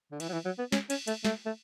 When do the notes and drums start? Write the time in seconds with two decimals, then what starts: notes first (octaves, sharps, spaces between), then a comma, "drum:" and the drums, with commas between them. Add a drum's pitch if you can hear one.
0.11 D3
0.20 E3, drum: cymbal
0.29 F#3
0.33 E3
0.46 F#3
0.59 B3
0.72 C#4, drum: snare
0.90 C#4, drum: cymbal
1.07 A3, drum: cymbal
1.25 A3, drum: snare
1.46 A3